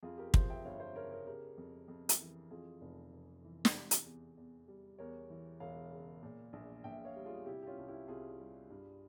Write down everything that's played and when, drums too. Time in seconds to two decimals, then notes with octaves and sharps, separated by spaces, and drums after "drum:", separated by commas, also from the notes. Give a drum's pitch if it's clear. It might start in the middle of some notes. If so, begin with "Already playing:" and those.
0.03 F2 F4 G#4
0.18 G4 A#4
0.28 A#4
0.34 F3 G#4 C5, drum: kick
0.50 E5 G5
0.65 G1 C#5 F5
0.80 C5 E5
0.95 C#3 A#4 C#5
1.11 A#4 C#5
1.26 C#3 G4 A#4
1.58 F2
1.88 F2
2.09 drum: hi-hat
2.20 E3
2.51 F2 F4 G#4
2.81 F1
3.12 F1
3.44 E3
3.65 drum: snare
3.74 C3
3.91 drum: hi-hat
4.05 E2
4.37 E2
4.68 G3
4.99 E2 A#4 C#5
5.30 E3
5.60 E1 C#5 F5
5.92 C#3
6.23 A#2
6.53 A#1
6.84 A#1 E5 G5
7.05 C#5 F5
7.16 G3
7.25 F4 G#4
7.46 C3 E4 G4
7.63 G4
7.67 C#4 F4
7.78 C2
7.88 E4 G4
8.08 C2 F4 G#4
8.39 G3
8.70 G2